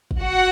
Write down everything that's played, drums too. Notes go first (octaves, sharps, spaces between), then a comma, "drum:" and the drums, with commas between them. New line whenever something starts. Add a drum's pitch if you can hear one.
drum: kick
F#4 F#5